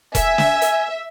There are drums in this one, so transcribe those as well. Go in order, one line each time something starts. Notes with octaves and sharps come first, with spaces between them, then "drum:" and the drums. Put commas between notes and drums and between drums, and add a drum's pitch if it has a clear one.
E5 G#5, drum: kick E1, hi-hat
drum: snare
drum: hi-hat